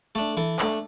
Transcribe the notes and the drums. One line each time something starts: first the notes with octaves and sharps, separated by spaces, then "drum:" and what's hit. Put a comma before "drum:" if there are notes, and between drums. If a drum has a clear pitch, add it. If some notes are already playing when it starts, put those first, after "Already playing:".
A3 D4 A4
E3 A4
A3 D4, drum: clap